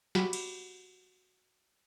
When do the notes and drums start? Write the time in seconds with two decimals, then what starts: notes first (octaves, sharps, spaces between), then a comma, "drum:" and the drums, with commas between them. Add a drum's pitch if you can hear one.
0.15 F#4 G4 B5, drum: snare
0.33 drum: cymbal